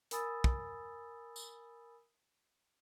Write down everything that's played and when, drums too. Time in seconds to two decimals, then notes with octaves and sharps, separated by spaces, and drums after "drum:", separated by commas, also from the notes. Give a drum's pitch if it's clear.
0.11 A#4 G#5 B5 D#6 E6 A6, drum: hi-hat
0.44 drum: kick
1.36 drum: tambourine